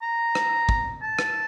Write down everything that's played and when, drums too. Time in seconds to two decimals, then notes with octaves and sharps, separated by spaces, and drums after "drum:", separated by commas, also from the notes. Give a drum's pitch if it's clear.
0.02 A#5
0.35 drum: rim click
0.69 drum: kick
1.03 A5
1.19 drum: rim click